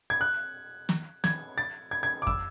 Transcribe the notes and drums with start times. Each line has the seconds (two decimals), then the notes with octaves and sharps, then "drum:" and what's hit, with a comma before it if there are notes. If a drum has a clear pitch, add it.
0.10 G#6
0.21 F#6
0.89 drum: snare
1.24 G#6, drum: snare
1.58 A6
1.91 G#6
2.03 G#6
2.22 D6
2.27 E6, drum: kick F2